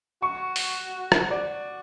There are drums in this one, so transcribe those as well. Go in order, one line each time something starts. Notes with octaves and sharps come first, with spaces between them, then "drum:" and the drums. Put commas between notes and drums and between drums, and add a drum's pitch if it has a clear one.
F#4 C#6
drum: open hi-hat
drum: rim click
F#4 D5